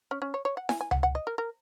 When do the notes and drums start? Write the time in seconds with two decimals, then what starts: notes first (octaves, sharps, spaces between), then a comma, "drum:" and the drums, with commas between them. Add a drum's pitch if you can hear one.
0.11 C#4
0.22 C#4
0.34 C#5
0.45 C#5
0.57 F#5
0.69 G#5, drum: snare E4
0.81 G#5
0.91 F#5, drum: tom C#2
1.03 F#5
1.15 D#5
1.27 A#4
1.38 A#4